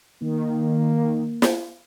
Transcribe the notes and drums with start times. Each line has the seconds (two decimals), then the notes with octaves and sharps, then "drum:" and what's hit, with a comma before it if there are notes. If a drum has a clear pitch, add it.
0.22 D#3 A#3
1.42 drum: snare